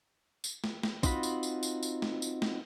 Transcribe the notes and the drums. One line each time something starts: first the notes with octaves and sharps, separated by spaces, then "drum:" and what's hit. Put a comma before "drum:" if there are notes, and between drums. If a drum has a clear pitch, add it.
drum: tambourine
drum: snare
drum: snare
C4 D#4 F4 F#4 B5, drum: kick, tambourine
drum: tambourine
drum: tambourine
drum: tambourine
drum: tambourine
drum: snare
drum: tambourine
drum: snare